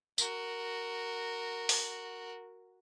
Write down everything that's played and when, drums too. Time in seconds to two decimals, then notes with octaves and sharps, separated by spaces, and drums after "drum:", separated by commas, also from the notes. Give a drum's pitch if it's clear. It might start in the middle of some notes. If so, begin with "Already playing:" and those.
0.18 F#4 A#4, drum: tambourine
1.69 drum: open hi-hat